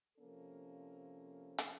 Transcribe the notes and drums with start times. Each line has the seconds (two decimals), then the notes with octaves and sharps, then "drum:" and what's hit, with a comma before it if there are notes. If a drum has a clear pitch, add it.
0.18 C3 F3 A#3 C#4 A4
1.58 drum: hi-hat